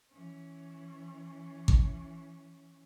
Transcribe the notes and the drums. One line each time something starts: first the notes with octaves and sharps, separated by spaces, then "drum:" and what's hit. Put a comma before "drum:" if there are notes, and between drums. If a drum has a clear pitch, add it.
E3 C#4
drum: kick G#1